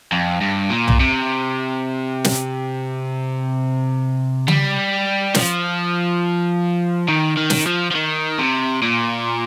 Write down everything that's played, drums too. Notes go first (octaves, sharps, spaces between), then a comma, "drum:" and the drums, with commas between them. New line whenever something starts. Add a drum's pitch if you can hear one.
F2
G2
A#2
drum: tom B1
C3
drum: snare
G3, drum: tom C#3
F3, drum: snare
D#3
D#3
drum: snare
F3
F3
D#3
C3
A#2